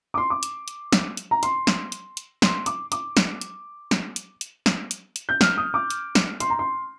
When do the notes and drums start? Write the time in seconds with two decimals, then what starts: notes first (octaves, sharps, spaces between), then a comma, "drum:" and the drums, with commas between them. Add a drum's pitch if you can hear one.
0.14 D6
0.18 C6
0.30 D6
0.43 drum: hi-hat
0.68 drum: hi-hat
0.92 drum: snare
1.17 drum: hi-hat
1.31 A#5
1.43 C6, drum: hi-hat
1.67 drum: snare
1.92 drum: hi-hat
2.17 drum: hi-hat
2.42 C6, drum: snare
2.66 D6, drum: hi-hat
2.92 D6, drum: hi-hat
3.17 drum: snare
3.41 drum: hi-hat
3.91 drum: snare
4.16 drum: hi-hat
4.41 drum: hi-hat
4.66 drum: snare
4.91 drum: hi-hat
5.16 drum: hi-hat
5.29 G6
5.41 F6, drum: snare
5.57 D#6
5.74 D6
5.90 drum: hi-hat
6.15 drum: snare
6.40 C6, drum: hi-hat
6.50 A#5
6.59 C6